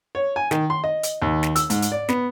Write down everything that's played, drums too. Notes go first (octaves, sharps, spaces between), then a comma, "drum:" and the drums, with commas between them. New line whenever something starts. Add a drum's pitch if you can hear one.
C#5
G#5
D#3, drum: snare
C6
D#5
drum: hi-hat
D#2
drum: snare
E6, drum: hi-hat
G#2, drum: hi-hat
drum: hi-hat
D5
B3, drum: snare